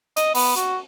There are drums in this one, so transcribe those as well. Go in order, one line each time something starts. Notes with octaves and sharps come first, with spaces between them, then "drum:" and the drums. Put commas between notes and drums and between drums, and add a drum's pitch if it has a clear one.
D#5, drum: hi-hat
B3, drum: open hi-hat
F#4, drum: hi-hat